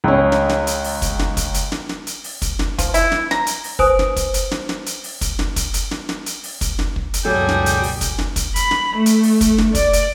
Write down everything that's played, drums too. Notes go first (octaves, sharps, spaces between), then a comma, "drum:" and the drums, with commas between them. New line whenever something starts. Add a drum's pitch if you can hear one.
C#2 C#4
drum: snare
drum: snare
drum: hi-hat
drum: open hi-hat
drum: kick, hi-hat
drum: snare
drum: kick, hi-hat
drum: hi-hat
drum: snare
drum: snare
drum: hi-hat
drum: open hi-hat
drum: kick, hi-hat
drum: snare
F3, drum: kick, hi-hat
E4, drum: hi-hat
drum: snare
A#5, drum: snare
drum: hi-hat
drum: open hi-hat
B4 C5 G#5 D#6, drum: kick
drum: snare
drum: kick, hi-hat
drum: hi-hat
drum: snare
drum: snare
drum: hi-hat
drum: open hi-hat
drum: kick, hi-hat
drum: snare
drum: kick, hi-hat
drum: hi-hat
drum: snare
drum: snare
drum: hi-hat
drum: open hi-hat
drum: kick, hi-hat
drum: snare
drum: kick
drum: hi-hat
F#1 C#2 B2 F#3 G3 G#4 A4 G6
drum: snare
drum: hi-hat
drum: open hi-hat
drum: kick, hi-hat
drum: snare
drum: kick, hi-hat
B5, drum: hi-hat
drum: snare
A3
drum: hi-hat
drum: open hi-hat
drum: kick, hi-hat
drum: snare
D5, drum: kick, hi-hat
drum: hi-hat